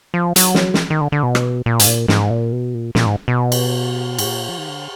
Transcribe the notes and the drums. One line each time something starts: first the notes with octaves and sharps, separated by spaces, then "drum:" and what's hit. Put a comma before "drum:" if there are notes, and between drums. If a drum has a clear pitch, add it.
F3
F#3, drum: hi-hat
drum: snare
drum: snare
D#3
D3
D3
B2
drum: rim click
A#2
G#2, drum: hi-hat
A#2
G#2, drum: snare
A#2
B2
A#2
A#2, drum: snare
G#2
B2
drum: cymbal
G#2, drum: cymbal
A#2
F3
D#3
D3